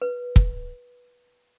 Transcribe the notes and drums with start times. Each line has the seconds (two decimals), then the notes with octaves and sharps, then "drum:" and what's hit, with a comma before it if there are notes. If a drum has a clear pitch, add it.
0.02 B4
0.36 drum: kick